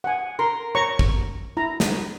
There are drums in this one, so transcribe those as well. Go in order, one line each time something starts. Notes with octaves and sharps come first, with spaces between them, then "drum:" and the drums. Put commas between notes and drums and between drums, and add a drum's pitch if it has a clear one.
F#5 G#5
A#4 C6
C#5 A#5 C#6
drum: kick
E4 A#5
drum: snare